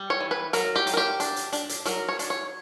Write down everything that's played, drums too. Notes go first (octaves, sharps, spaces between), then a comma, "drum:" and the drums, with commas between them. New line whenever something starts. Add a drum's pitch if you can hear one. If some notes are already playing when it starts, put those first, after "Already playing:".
Already playing: G3
C#5
E3
B4
F#3 A#4, drum: hi-hat
G4
F#3, drum: hi-hat
A#4
G4
D4, drum: hi-hat
drum: hi-hat
D4, drum: hi-hat
drum: hi-hat
F#3 A#4, drum: hi-hat
C#5
D4, drum: hi-hat
C#5